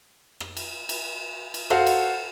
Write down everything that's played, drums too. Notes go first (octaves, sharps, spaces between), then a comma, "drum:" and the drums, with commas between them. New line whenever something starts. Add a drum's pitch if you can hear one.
drum: rim click
drum: cymbal
drum: cymbal
drum: cymbal
F#4 A4 C5 F5 F#5, drum: rim click
drum: cymbal